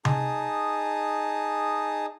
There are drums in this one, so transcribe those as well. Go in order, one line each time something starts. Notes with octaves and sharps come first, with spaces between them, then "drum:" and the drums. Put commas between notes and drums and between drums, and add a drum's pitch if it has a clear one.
D#4 G#4 A5 D#6, drum: tom C3